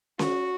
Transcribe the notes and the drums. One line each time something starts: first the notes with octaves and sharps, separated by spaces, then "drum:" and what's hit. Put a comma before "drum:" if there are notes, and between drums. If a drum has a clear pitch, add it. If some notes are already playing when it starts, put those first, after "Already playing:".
F#4, drum: snare C#4